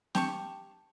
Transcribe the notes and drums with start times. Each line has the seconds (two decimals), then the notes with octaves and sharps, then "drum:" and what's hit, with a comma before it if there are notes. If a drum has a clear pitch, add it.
0.15 G4 A5 C#6, drum: snare C4